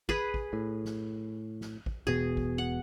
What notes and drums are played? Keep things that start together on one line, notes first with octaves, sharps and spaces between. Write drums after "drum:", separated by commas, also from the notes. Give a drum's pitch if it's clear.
G#4 B4, drum: kick
drum: kick
A2
drum: snare
drum: snare
drum: kick
E1 B2 G#4
drum: kick
F#5